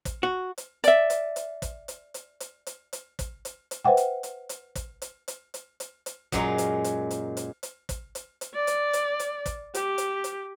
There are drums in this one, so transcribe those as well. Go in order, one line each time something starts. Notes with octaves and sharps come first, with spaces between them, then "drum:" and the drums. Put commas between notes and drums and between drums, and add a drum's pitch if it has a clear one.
drum: kick, hi-hat
F#4
drum: hi-hat
D5 E5, drum: hi-hat
drum: hi-hat
drum: hi-hat
drum: kick, hi-hat
drum: hi-hat
drum: hi-hat
drum: hi-hat
drum: hi-hat
drum: hi-hat
drum: kick, hi-hat
drum: hi-hat
drum: hi-hat
B4 C5 E5 F#5 G5
drum: hi-hat
drum: hi-hat
drum: hi-hat
drum: kick, hi-hat
drum: hi-hat
drum: hi-hat
drum: hi-hat
drum: hi-hat
drum: hi-hat
F#2 A#2 F#3 G#3 F4, drum: kick, hi-hat
drum: hi-hat
drum: hi-hat
drum: hi-hat
drum: hi-hat
drum: hi-hat
drum: kick, hi-hat
drum: hi-hat
drum: hi-hat
D5
drum: hi-hat
drum: hi-hat
drum: hi-hat
drum: kick, hi-hat
G4, drum: hi-hat
drum: hi-hat
drum: hi-hat